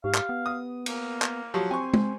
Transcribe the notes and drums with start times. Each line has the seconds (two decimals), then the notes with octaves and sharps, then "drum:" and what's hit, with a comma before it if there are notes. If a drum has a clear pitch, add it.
0.04 G#2 G4 F5
0.15 drum: clap
0.29 B3
0.46 D#6
0.86 A#3, drum: cymbal
1.22 drum: clap
1.54 F3 F#3 G4
1.71 C4 C5 G#5 C#6
1.94 drum: tom